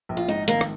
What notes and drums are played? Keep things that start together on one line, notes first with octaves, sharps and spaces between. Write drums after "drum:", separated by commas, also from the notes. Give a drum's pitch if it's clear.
A#1
F4
G#2 D#4
D#3 A#3, drum: hi-hat
drum: rim click